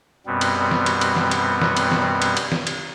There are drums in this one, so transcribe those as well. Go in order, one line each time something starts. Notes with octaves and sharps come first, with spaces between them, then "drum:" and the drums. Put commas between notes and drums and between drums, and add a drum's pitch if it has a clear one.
F#2 B2 G3 B3 C4
drum: cymbal
drum: snare
drum: cymbal
drum: cymbal
drum: snare
drum: cymbal
drum: snare
drum: cymbal
drum: snare
drum: cymbal
drum: cymbal
drum: snare
drum: cymbal